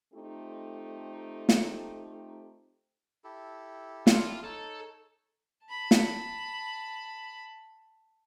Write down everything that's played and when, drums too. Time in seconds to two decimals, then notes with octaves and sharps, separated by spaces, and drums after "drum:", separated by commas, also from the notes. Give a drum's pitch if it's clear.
0.14 A3 C4 D#4 F4 G4 A4
1.49 drum: snare
3.24 E4 G4 A4
4.07 F4, drum: snare
4.44 D#4 A4 C#5 A5
5.67 A5 B5
5.91 drum: snare